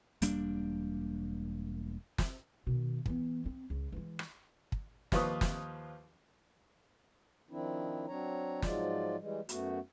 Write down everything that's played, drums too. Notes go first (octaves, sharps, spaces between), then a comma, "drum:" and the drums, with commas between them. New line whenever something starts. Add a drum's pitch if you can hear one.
E1 G3 A#3 D4, drum: hi-hat
drum: snare
B2 D#3
E3 B3, drum: kick
C4
C#2
E3 G#3
drum: rim click
drum: kick
D#2 F3 F4 B4 C#6 D#6, drum: snare
drum: snare
D#3 F3 C4 D4 E4
F#3 C4 D4 C#5 A#5
G#2 F3 F#3 G#3 F4 D5, drum: snare
E3 G3 G#3
F#2 A3 B3 F#4, drum: hi-hat